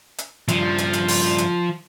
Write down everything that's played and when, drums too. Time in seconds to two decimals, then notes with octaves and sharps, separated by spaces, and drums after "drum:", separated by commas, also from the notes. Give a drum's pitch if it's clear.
0.18 drum: hi-hat
0.48 G2 C#3 F3, drum: hi-hat
0.78 drum: hi-hat
0.93 drum: hi-hat
1.08 drum: open hi-hat
1.38 drum: hi-hat